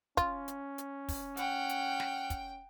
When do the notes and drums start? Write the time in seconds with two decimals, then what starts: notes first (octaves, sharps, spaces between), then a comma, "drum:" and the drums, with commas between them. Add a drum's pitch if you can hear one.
0.17 C#4 F4, drum: kick, hi-hat
0.48 drum: hi-hat
0.78 drum: hi-hat
1.09 drum: kick, open hi-hat
1.37 F#5 G5 F6, drum: hi-hat
1.69 drum: hi-hat
2.00 drum: snare
2.30 drum: kick, hi-hat